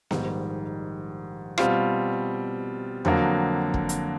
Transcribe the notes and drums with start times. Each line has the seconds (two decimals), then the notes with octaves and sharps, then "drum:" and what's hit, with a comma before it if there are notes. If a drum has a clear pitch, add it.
0.11 A#1 G#2 D#3 G3, drum: snare B3
1.58 B2 G3 C4 F4, drum: rim click
3.05 F2 D3 F#3 A#3, drum: tom E2
3.74 drum: kick
3.89 drum: hi-hat